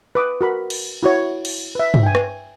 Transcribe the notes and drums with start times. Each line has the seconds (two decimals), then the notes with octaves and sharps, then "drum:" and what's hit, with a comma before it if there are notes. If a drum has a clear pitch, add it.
0.15 B4 D6 D#6
0.41 F#4 A#4 B5
0.70 drum: cymbal
1.03 E4 F#4 C#5
1.45 drum: cymbal
1.75 B4 E5
1.94 drum: tom
2.03 G5 G#5
2.15 drum: rim click